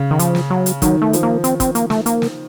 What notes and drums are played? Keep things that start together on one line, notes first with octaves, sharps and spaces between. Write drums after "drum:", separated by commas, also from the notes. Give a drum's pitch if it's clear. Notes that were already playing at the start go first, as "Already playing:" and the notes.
Already playing: C#3
D#3
F3, drum: hi-hat
drum: snare
F#3
drum: hi-hat
D#3 F#3, drum: kick, hi-hat
A3
F3, drum: hi-hat
A#3
C4, drum: hi-hat
C4, drum: kick, hi-hat
A#3, drum: hi-hat
A3, drum: snare
A#3, drum: hi-hat
drum: snare